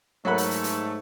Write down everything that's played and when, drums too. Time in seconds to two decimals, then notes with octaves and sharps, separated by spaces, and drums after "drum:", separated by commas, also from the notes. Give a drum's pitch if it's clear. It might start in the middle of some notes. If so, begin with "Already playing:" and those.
0.25 G#2 F#3 A3 A#4 F#5 B5 C#6
0.38 drum: hi-hat
0.51 drum: hi-hat
0.64 drum: hi-hat